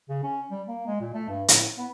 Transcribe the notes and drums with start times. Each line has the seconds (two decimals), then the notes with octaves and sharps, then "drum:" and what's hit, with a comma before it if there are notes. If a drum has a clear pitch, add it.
0.09 C#3
0.23 C#4
0.51 G3
0.68 A#3
0.87 G#3
1.00 A#2
1.14 A3
1.29 G2
1.48 A2, drum: hi-hat
1.78 B3